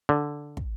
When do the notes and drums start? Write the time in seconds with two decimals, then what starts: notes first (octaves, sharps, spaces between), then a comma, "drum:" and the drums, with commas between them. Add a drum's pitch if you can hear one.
0.09 D3
0.57 drum: kick